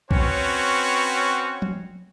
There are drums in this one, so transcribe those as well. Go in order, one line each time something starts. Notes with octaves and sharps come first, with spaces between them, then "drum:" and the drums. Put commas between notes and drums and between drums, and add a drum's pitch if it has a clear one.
C4 C#4 F#4 B4 C#5, drum: kick B1
drum: tom